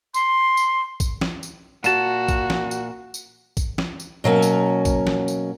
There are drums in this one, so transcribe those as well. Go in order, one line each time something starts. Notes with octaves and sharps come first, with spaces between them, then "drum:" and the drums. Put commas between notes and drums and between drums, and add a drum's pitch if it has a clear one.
C6, drum: tambourine
drum: tambourine
drum: kick A1, tambourine
drum: snare
drum: tambourine
A#2 F#4 A5, drum: tambourine
drum: kick A1, tambourine
drum: snare
drum: tambourine
drum: tambourine
drum: kick A1, tambourine
drum: snare
drum: tambourine
B2 F#3 A#3 C#4
drum: tambourine
drum: kick A1, tambourine
drum: snare
drum: tambourine